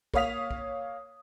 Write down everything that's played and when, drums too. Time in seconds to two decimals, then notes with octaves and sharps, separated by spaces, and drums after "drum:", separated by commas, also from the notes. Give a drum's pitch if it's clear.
0.14 A#3 C#5 F5 D#6 B6 F7, drum: kick
0.51 drum: kick